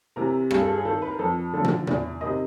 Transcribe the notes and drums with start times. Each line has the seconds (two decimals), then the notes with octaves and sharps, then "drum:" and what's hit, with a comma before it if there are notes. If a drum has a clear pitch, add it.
0.16 C3 E3 A#4
0.51 G2 G#4, drum: rim click
0.62 A4
0.73 G#4
0.85 D#3 A4
1.02 B4
1.11 A#4
1.19 F2 A4
1.53 D3 F3 A4
1.64 drum: tom
1.87 E2 D5, drum: tom
2.21 C3 D#3 D#5